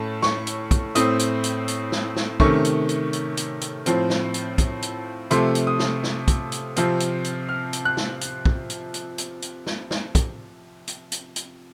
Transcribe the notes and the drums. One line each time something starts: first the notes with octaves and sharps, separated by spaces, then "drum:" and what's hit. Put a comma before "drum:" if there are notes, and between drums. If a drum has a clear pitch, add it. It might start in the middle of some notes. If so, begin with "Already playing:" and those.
Already playing: A2 A3 C#4 A5
C#6, drum: snare
drum: hi-hat
drum: kick, hi-hat
A2 A3 C4 D#6, drum: hi-hat
drum: hi-hat
drum: hi-hat
drum: hi-hat
drum: snare
drum: snare
C3 D#3 A3 C#4 C#6, drum: kick
drum: hi-hat
drum: hi-hat
drum: hi-hat
drum: hi-hat
drum: hi-hat
A2 F3 C4, drum: hi-hat
drum: snare
drum: hi-hat
drum: kick, hi-hat
drum: hi-hat
C3 F3 A3 C6, drum: hi-hat
drum: hi-hat
D#6
drum: snare
drum: snare
drum: kick, hi-hat
drum: hi-hat
C3 F3 C4, drum: hi-hat
drum: hi-hat
drum: hi-hat
F6
drum: hi-hat
F#6
drum: snare
drum: hi-hat
drum: kick
drum: hi-hat
drum: hi-hat
drum: hi-hat
drum: hi-hat
drum: snare
drum: snare
drum: kick, hi-hat
drum: hi-hat
drum: hi-hat
drum: hi-hat